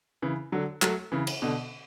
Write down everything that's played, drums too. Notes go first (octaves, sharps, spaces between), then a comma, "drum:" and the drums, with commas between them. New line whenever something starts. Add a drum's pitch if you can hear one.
C#3 E3
D3 F#3
F#3 A3, drum: clap
C#3 E3
drum: cymbal
B2 D3